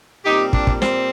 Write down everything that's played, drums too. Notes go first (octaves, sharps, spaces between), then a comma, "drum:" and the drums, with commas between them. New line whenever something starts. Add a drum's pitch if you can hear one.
A#2 G3 C4 D#4 G4
D4, drum: kick
drum: kick
C4, drum: snare